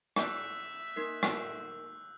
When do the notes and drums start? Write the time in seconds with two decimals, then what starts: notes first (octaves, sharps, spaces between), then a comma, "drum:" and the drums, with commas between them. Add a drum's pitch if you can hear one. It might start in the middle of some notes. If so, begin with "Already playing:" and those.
0.16 E5 E6 F#6 G6, drum: rim click
0.96 A#3 D#4 A#4
1.23 drum: rim click